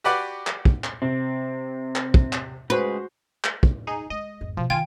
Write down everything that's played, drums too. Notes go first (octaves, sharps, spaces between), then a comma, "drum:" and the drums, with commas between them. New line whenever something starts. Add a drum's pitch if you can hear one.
F#4 G4 B4 D5 F#5
drum: clap
drum: kick
drum: clap
C3 C4
drum: clap
drum: kick
drum: clap
C#3 G#3 F#4 G#4 B4 C5
drum: clap
drum: kick
D#4 G#4
G#3 D#5
G#1 F2
B2 F3 C4
D#3 F4 G5 G#5